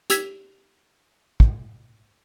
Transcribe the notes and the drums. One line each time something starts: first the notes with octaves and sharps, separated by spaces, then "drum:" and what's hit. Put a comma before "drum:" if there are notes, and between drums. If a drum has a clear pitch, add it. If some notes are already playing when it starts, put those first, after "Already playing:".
G4 E6 G#6 B6, drum: hi-hat
drum: kick